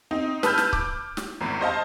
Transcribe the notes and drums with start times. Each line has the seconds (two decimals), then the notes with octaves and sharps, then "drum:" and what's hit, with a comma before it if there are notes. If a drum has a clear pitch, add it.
0.11 C4 D#4
0.43 B4 A5 B5 E6 F6 G6, drum: snare
0.58 drum: snare
0.73 D6, drum: kick C#1
1.17 drum: snare
1.41 G#1 A2
1.61 C5 D#5 F5 A5